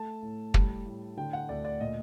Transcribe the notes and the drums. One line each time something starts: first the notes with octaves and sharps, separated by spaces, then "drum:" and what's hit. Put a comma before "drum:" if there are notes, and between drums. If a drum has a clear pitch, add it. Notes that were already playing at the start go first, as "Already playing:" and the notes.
Already playing: A3 A5
A2
G3, drum: kick
A2
D3 G5
F#5
D2 D5
D5
A#2 D#5